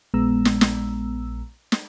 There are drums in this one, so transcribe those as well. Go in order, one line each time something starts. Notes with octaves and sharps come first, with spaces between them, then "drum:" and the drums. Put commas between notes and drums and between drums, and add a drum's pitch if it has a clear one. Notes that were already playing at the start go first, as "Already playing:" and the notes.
A#1 G#3 B3 A#5 E6
drum: snare
drum: snare
drum: snare